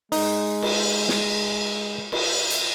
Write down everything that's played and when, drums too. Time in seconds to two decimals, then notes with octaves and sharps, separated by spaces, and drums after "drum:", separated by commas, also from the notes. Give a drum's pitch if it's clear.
0.12 G#3 D#4, drum: open hi-hat
0.62 drum: cymbal
1.09 drum: snare
2.12 drum: cymbal
2.50 drum: hi-hat